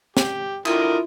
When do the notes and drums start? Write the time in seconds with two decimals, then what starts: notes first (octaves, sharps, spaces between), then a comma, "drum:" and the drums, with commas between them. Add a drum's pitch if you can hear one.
0.17 G4, drum: snare
0.66 D3 E4 F4 A#4 D#6, drum: clap